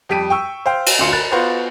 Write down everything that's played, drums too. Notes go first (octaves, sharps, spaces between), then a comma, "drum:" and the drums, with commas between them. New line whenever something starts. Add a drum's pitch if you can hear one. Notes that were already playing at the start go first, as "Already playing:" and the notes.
F2 G3 G4 B6 D7 D#7
G5 C#6 E6
C5 F5 G5
drum: cymbal
D2 F4 C6 C#7
A#4 B5 F#6 A6
B3 F4 F#4 B4 C5